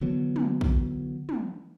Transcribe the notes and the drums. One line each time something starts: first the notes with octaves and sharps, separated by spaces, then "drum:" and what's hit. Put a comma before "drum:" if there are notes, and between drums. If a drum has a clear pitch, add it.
D3 E3 F#3 B3
drum: tom
drum: kick
drum: tom